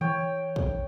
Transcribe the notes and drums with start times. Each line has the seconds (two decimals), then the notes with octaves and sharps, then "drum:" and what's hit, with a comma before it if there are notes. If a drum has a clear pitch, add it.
0.01 E3 C#5 G5
0.56 drum: kick